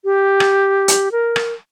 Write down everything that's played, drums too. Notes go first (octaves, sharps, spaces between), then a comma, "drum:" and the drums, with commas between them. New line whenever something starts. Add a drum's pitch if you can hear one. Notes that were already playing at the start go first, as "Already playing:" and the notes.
G4
drum: rim click
drum: hi-hat
A#4
drum: rim click